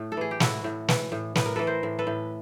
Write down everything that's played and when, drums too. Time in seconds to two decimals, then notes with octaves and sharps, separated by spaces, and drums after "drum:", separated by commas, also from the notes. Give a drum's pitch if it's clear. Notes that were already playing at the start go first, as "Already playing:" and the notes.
Already playing: A2 A3
0.12 A4
0.17 E3 G#4
0.31 G4
0.40 A2 E4 F#4, drum: snare
0.64 A2
0.88 E3, drum: snare
1.12 A2
1.35 A2 B4, drum: snare
1.46 A#4
1.56 E3 A4 B4
1.67 A#4 C5
1.83 A2
1.99 A4 B4
2.07 A2